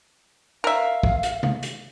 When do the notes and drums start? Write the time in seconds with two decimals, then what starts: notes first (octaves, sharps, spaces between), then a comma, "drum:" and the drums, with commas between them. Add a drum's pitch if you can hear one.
0.64 A#4 E5 F5
1.03 drum: kick
1.23 drum: hi-hat
1.43 drum: tom C3
1.63 drum: hi-hat